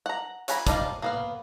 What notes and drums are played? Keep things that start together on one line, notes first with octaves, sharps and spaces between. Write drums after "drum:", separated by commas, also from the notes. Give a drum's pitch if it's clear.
F#5 A#5
C#5 F#5 G#5 A#5 B5, drum: hi-hat
G3 D4 D#4 F4, drum: kick, hi-hat
A#3 B3 F5